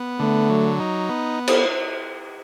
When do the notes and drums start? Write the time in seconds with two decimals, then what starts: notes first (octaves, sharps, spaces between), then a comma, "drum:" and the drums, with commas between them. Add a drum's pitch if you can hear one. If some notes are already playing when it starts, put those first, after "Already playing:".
Already playing: B3
0.20 D3 A3
0.50 F#3
0.80 D#4
1.09 B3
1.47 drum: cymbal